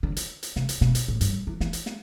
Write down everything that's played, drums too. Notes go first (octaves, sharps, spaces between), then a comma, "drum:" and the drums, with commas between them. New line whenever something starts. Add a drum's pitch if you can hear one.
D3
drum: hi-hat
drum: hi-hat
C3, drum: snare
drum: hi-hat
B2, drum: snare
drum: hi-hat
A2
G2, drum: hi-hat
A2
E3
E3, drum: snare
drum: hi-hat
drum: snare